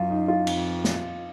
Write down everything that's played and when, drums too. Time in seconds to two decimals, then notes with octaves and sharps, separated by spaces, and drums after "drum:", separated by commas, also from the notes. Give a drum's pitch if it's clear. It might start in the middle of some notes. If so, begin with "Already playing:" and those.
Already playing: F#2 F4
0.10 D#4
0.28 F4
0.47 F2, drum: cymbal
0.84 drum: snare